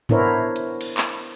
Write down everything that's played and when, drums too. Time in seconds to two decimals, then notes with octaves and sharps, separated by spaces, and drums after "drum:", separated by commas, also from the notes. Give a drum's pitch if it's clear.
0.09 B3 D4 E4 A#4 C5 C#5, drum: tom G#2
0.56 drum: hi-hat
0.81 drum: cymbal
0.97 drum: clap